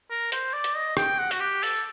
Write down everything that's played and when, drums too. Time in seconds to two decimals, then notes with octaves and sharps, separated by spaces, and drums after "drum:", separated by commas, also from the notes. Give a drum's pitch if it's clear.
0.10 A#4
0.32 C5, drum: hi-hat
0.53 D5
0.64 drum: hi-hat
0.76 D#5
0.97 G5, drum: rim click
1.18 F#5
1.31 F#4, drum: hi-hat
1.40 G4
1.63 A4, drum: open hi-hat